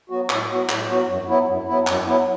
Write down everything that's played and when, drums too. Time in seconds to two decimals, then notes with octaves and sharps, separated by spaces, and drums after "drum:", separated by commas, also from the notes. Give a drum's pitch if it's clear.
0.10 F#3 B3 F#4
0.30 A2, drum: clap
0.50 F#3 B3 F#4
0.69 A2, drum: clap
0.88 F#3 B3 F#4
1.08 F#2
1.28 F#3 B3 E4
1.48 F#2
1.68 F#3 B3 E4
1.87 F#2, drum: clap
2.06 F#3 B3 E4